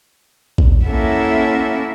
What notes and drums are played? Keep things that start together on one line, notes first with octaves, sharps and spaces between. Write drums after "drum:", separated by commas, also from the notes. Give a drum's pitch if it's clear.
drum: kick A#1
A#3 C#4 E4 A4 E5 F#5